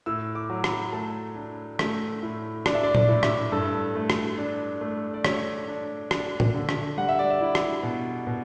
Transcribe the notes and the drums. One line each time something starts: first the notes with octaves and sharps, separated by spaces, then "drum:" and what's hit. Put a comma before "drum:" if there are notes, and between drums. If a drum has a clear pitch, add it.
A2 E6
D6
F#3
B5, drum: rim click
A3 A5
D4
A3, drum: rim click
A2
D4 D5, drum: rim click
E5
D5
D5, drum: tom A#2
A2
E5, drum: rim click
G2 A4
A3
drum: rim click
D4
A3
D5
A3 C#5, drum: rim click
D4
D4, drum: rim click
drum: tom A2
D3
drum: rim click
G3 F#5
E5
D5
E5
E4
drum: rim click
B2
B2